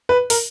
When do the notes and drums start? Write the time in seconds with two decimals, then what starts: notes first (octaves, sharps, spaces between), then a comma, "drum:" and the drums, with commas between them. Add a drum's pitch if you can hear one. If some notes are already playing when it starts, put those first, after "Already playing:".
0.09 B4
0.30 A#4, drum: open hi-hat